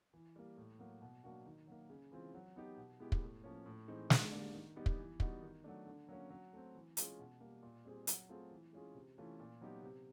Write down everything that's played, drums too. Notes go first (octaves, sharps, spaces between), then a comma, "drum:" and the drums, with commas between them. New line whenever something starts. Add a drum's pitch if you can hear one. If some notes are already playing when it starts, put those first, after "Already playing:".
E3
G3 A#3
A2
F#3 A#3
B2
F#3 A#3 D4 F#4
D#3
F#3 A#3
C#3
E3 G#3 C4 F4
F#3
B3 D#4 G4
B2
G#3 B3 E4 G4
drum: kick
A2
F3 A#3 C#4
A2
E3 G#3 C4 D#4
D3, drum: snare
G3 A#3 D4
D#3
G3 B3 D#4 G4
drum: kick
E3
G3 B3 D#4 F#4, drum: kick
D#3
F#3 A3 D4
D3
F#3 A#3 C#4
F#3
A3 C4
E3
G#3 C#4 F4 G#4, drum: hi-hat
B2
G3 A#3
A#2
G3 C4 F4 G#4
F#3, drum: hi-hat
A3 C4 F4 G#4
E3
G#3 C#4 F4 G#4
C3
E3 A3 C#4 F4
A#2
F#3 B3 D#4 G4
C3